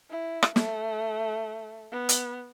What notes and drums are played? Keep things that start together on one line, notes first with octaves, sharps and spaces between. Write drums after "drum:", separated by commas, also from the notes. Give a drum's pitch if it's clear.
E4
drum: rim click
A3, drum: snare
B3
drum: hi-hat